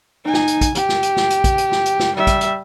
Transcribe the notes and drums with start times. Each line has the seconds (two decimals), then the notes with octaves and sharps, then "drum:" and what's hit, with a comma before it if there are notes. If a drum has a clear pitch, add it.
0.24 D#4 G#5
0.34 drum: snare
0.47 drum: hi-hat
0.61 drum: kick, hi-hat
0.75 G4, drum: hi-hat
0.89 drum: snare
1.03 drum: hi-hat
1.17 drum: snare
1.30 drum: hi-hat
1.44 drum: kick, hi-hat
1.58 drum: hi-hat
1.72 drum: snare
1.86 drum: hi-hat
1.99 drum: snare
2.17 G3 E5
2.27 drum: kick, hi-hat
2.41 drum: hi-hat